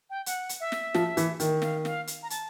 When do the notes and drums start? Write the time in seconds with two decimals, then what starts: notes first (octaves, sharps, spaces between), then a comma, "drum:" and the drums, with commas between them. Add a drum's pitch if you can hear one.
0.10 G5
0.26 F#5, drum: hi-hat
0.49 drum: hi-hat
0.60 E5
0.72 drum: snare
0.94 F3, drum: snare
1.17 E3, drum: hi-hat
1.40 D#3, drum: hi-hat
1.62 F5, drum: snare
1.85 F5, drum: snare
2.07 drum: hi-hat
2.23 A#5
2.30 A5, drum: hi-hat